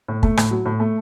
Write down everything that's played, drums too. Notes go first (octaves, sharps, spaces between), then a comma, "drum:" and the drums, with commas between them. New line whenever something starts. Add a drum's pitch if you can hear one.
A2
A3, drum: kick
A2, drum: rim click
F#3
A2
A3